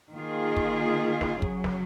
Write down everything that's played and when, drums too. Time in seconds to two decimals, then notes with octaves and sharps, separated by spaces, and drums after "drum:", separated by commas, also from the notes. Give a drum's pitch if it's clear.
0.13 D#3 A#3 F4 G#4
0.57 drum: kick
1.21 drum: snare
1.42 F#2 C#3 F#3, drum: kick
1.64 drum: snare